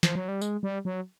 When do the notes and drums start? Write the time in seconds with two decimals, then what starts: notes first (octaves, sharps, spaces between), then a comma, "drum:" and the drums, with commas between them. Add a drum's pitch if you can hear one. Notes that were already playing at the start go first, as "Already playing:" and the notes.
0.03 F3, drum: snare
0.15 F#3
0.28 G3
0.41 G#3, drum: tambourine
0.63 G3
0.85 F#3